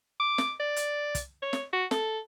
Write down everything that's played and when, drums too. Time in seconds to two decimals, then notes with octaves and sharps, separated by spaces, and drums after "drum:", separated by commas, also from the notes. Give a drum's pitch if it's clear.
0.20 D6
0.38 drum: snare
0.60 D5
0.76 drum: hi-hat
1.15 drum: kick, hi-hat
1.42 C#5
1.53 drum: snare
1.73 F#4
1.91 A4, drum: snare